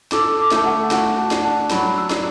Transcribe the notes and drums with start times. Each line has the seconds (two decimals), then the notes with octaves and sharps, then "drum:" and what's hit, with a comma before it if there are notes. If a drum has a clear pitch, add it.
0.12 A4 D6, drum: snare
0.39 D6
0.52 A3 A5, drum: snare
0.65 F#5
0.91 F#4 F#5, drum: snare
1.18 A5
1.31 D4, drum: snare
1.45 A5
1.71 F#3 B5, drum: snare
1.98 E6
2.11 D4, drum: snare